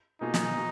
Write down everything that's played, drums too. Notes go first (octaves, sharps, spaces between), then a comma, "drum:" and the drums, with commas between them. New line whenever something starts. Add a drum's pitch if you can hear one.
B2 A#3 D#4 F4 G#4
drum: snare
B2